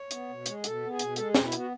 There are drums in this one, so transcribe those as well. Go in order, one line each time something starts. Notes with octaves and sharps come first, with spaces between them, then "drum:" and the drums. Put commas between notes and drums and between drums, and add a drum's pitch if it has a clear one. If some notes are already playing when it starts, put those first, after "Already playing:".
Already playing: C#5
B3, drum: hi-hat
B2
G#3, drum: hi-hat
B2 A4, drum: hi-hat
B3
G#4
B2, drum: hi-hat
G#3 A4, drum: hi-hat
G#4
B2, drum: snare
E4
B3 F#4, drum: hi-hat